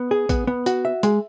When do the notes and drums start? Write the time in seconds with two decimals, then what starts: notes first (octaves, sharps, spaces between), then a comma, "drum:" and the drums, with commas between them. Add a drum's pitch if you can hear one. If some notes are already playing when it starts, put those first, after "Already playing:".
Already playing: B3
0.11 G#4
0.29 B3, drum: kick, hi-hat
0.47 B3
0.66 F#4, drum: hi-hat
0.85 E5
1.03 G#3, drum: hi-hat